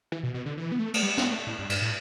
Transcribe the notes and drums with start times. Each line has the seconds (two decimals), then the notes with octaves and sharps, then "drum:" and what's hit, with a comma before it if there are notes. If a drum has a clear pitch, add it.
0.12 E3
0.23 B2
0.34 B2
0.46 D3
0.58 E3
0.72 B3
0.79 A3
0.94 A3, drum: cymbal
1.03 G3
1.17 B3, drum: snare
1.32 A3
1.47 A2
1.59 G2
1.70 G2, drum: cymbal
1.81 A2